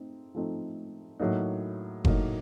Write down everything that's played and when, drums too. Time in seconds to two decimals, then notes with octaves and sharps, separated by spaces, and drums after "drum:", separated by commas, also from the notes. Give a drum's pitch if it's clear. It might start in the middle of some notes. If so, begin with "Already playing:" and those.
Already playing: A3 C4 D#4
0.35 F3 A3 C4 D#4
1.20 A2 F#3 A#3 D#4
2.05 A2 F#3 A#3 D#4, drum: kick F#1